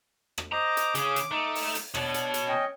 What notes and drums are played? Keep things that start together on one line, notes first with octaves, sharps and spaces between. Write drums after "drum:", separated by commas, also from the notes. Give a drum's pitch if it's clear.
drum: rim click
C5 D#5 A#5 D6
drum: hi-hat
C#3 C#4 G#4, drum: hi-hat
drum: hi-hat
A3 D#4
drum: open hi-hat
drum: hi-hat
B2 D4 C#5, drum: rim click
drum: hi-hat
drum: hi-hat
C#4 D#5 G5